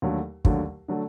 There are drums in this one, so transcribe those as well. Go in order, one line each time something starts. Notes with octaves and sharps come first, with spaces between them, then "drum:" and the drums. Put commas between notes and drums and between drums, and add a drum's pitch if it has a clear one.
D#2 D3 F#3 A3
D#2 D3 F#3 A3, drum: kick
D3 F#3 A3